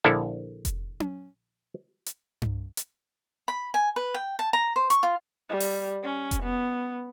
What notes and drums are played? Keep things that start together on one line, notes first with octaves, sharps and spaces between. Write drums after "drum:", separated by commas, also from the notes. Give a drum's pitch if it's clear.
A#1 D3 E4 A4 F5
drum: kick F1, hi-hat
drum: tom C#4
drum: hi-hat
drum: tom G2
drum: hi-hat
B5
G#5
B4
G5
A5
A#5
C5
C#6, drum: hi-hat
F4
G3
drum: open hi-hat
C#4
drum: kick F1, hi-hat
B3